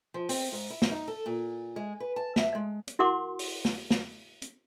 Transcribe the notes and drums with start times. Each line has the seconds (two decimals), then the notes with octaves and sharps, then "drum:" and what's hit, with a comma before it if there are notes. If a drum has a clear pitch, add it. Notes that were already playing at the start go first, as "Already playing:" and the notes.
0.14 F3
0.29 C4, drum: open hi-hat
0.52 G#2
0.70 E4
0.82 drum: snare
0.91 D#4
1.08 A4
1.26 A#2
1.76 G#3
2.00 B4
2.16 A5
2.36 E5, drum: snare
2.55 G#3
2.88 drum: hi-hat
2.99 E4 F#4 A#4 F#5 C6 D6
3.39 drum: open hi-hat
3.65 drum: snare
3.90 drum: snare
4.42 drum: hi-hat